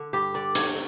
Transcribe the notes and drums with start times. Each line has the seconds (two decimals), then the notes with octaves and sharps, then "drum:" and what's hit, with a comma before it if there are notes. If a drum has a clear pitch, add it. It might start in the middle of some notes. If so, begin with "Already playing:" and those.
Already playing: D3
0.13 G2 G4
0.34 D3 D5
0.55 D3 C#5, drum: hi-hat